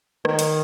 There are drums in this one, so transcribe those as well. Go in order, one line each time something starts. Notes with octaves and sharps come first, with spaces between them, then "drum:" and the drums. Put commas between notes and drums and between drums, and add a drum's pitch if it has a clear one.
D#3, drum: rim click
drum: hi-hat